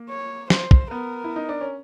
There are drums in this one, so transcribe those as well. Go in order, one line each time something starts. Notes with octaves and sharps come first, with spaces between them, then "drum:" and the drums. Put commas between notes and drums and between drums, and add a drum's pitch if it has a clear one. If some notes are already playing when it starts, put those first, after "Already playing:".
Already playing: A#3
C#5
C5, drum: snare
drum: kick
B3 A#4
E4
D#4
D4
C#4